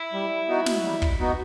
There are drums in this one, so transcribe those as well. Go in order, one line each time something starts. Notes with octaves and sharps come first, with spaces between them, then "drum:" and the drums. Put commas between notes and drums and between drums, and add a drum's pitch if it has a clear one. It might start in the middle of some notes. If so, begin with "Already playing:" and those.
Already playing: E4
G3
B3 D#4 F#4
drum: snare
G3
drum: kick
B3 D#4 F#4